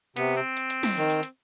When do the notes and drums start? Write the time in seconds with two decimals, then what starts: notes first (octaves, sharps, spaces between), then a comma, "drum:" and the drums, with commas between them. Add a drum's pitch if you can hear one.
0.16 C3 B3, drum: hi-hat
0.37 C4
0.57 drum: hi-hat
0.70 drum: hi-hat
0.83 drum: snare
0.97 D#3, drum: open hi-hat
1.10 drum: hi-hat
1.23 drum: hi-hat